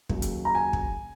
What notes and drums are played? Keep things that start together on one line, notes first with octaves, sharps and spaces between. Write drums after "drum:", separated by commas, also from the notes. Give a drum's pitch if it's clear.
D#2 C#3 F#3, drum: kick
drum: hi-hat
A#5
G#5
drum: kick